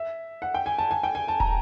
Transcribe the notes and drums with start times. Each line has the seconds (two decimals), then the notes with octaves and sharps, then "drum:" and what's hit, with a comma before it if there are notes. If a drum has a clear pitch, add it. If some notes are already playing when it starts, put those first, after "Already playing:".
Already playing: E5
0.42 F#5
0.54 G5
0.66 G#5
0.78 A5
0.91 G#5
1.03 G5
1.15 G#5
1.28 A5
1.40 A#5, drum: kick